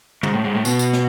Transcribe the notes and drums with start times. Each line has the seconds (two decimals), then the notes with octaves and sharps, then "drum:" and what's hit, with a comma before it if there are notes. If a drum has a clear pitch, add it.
0.23 G#2, drum: tom
0.34 A2
0.44 G#2
0.55 A2
0.65 B2, drum: tambourine
0.79 drum: tambourine
0.93 drum: snare